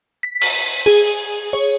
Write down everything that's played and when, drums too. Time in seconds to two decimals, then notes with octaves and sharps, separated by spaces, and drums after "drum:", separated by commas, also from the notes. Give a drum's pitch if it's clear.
0.23 B6
0.42 drum: open hi-hat
0.86 G#4
1.53 C#5